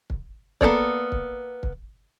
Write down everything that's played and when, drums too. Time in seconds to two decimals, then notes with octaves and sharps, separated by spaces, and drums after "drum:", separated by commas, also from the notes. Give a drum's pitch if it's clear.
0.10 drum: kick
0.61 A#3 B3 A4 C#5 D5, drum: kick
1.12 drum: kick
1.63 drum: kick